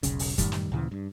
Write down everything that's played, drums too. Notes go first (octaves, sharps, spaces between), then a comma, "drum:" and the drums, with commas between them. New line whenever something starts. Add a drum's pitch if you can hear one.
E1 B1 C#3, drum: hi-hat
drum: open hi-hat
F#2 A2 D#3 G3, drum: kick, hi-hat
drum: snare
D2 A#2 C#3 E3
G2